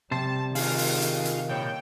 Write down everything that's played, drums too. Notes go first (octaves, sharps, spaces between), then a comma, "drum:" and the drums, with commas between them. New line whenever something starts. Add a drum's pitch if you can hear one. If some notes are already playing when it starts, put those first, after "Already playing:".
C3 G3 C5 A5
D#3 F4 G#4 F5, drum: open hi-hat
drum: open hi-hat
drum: hi-hat
drum: hi-hat
A#2 C#5 G5